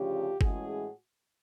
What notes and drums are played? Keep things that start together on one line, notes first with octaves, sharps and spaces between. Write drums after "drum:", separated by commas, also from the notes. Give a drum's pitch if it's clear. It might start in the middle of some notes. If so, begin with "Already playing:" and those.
Already playing: D2 C#3 F3 F4 G4
A2 E3 G#3 C#4 F#4 G#4, drum: kick G1